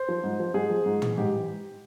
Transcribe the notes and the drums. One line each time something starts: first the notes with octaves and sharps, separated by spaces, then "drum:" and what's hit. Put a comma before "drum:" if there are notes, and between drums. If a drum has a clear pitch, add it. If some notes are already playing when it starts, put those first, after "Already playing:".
Already playing: C5
F3
G#2
F3
G#2 G#4
F3
G#2
E3, drum: tom
G#2 G4
E3